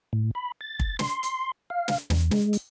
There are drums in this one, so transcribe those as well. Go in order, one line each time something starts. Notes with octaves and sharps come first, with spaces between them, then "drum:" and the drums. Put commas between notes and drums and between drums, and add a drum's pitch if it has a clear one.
A2
B5
A6
drum: kick
C6, drum: snare
drum: hi-hat
F5
drum: snare
E2, drum: snare
G#3, drum: snare
drum: hi-hat